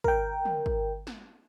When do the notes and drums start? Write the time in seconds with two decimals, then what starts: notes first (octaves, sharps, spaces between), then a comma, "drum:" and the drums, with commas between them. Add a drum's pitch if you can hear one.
0.04 A#4 G5, drum: kick
0.45 drum: tom
0.66 drum: kick
1.07 drum: snare